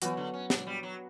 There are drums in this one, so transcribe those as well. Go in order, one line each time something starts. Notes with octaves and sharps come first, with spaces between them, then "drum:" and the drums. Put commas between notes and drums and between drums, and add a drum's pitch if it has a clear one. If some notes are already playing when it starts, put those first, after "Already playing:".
E3 F#3 B3 F#4, drum: hi-hat
D3
C#4
D4, drum: snare
G3
F#3